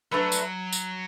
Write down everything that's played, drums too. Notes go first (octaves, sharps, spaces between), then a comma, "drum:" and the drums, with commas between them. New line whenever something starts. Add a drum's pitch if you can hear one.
F#3 A3 D4 B4 E5
drum: tambourine
drum: tambourine